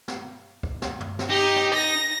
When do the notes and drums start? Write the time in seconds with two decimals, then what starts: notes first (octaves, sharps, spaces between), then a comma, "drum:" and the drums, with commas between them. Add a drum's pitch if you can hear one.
0.08 drum: snare
0.63 drum: kick
0.82 drum: snare
1.00 drum: tom
1.19 drum: snare
1.30 D#4 G4
1.56 drum: snare
1.74 A#6